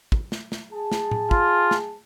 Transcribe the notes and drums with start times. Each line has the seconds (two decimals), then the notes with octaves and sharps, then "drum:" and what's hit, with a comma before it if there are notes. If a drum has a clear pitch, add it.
0.12 drum: kick
0.32 drum: snare
0.52 drum: snare
0.72 G#4 A5
0.92 drum: snare
1.11 drum: tom A2
1.31 F4, drum: kick
1.71 drum: snare